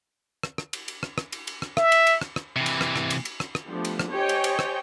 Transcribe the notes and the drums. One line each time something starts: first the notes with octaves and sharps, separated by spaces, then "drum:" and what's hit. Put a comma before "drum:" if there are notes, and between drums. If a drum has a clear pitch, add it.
drum: rim click
drum: rim click
drum: cymbal
drum: cymbal
drum: rim click
drum: rim click
drum: cymbal
drum: cymbal
drum: rim click
E5, drum: rim click
drum: cymbal
drum: cymbal
drum: rim click
drum: rim click
C3 E3
drum: cymbal
drum: rim click
drum: rim click
drum: cymbal
drum: cymbal
drum: rim click
drum: rim click
F3 A3 B3 D4 G4
drum: cymbal
drum: rim click
G4 C5 C#5 D#5 G5 G#5
drum: cymbal
drum: cymbal
drum: rim click